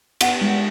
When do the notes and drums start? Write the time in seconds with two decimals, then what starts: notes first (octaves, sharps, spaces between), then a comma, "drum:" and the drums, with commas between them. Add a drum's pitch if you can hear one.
0.21 B3 F#5, drum: cymbal
0.41 G#3